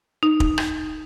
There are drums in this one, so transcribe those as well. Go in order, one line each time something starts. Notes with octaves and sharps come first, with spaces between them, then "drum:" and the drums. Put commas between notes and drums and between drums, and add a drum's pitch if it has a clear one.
D#4
drum: kick
drum: rim click